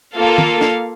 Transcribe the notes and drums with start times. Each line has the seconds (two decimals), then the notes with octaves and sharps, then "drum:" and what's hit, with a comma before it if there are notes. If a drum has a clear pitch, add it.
0.15 A#3 F4 A4 F5
0.38 drum: tom
0.61 drum: snare